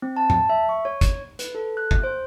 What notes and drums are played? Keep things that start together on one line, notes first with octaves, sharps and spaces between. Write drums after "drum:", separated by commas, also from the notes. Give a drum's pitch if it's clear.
C4
A5
A5, drum: tom A2
E5
C#6
C#5
drum: kick, hi-hat
B4, drum: hi-hat
A4
F#6
drum: kick
C5